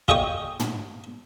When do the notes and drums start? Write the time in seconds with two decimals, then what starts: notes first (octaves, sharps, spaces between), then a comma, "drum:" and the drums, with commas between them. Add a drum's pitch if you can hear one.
0.08 F4 G#4 D#5 G5 C#6 D#6, drum: kick
0.60 drum: tom